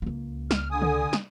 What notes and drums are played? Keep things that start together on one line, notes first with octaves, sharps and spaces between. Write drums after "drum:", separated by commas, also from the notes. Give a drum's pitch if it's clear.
C#2 A#3
F6, drum: snare
D3 G#5 D#6
drum: tom
drum: snare